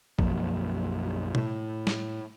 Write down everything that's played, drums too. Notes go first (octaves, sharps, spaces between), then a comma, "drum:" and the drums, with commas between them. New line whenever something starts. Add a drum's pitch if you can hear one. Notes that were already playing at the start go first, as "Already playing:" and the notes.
B1 F#2 F3 A#3, drum: kick A#1
A2, drum: tom B2
drum: snare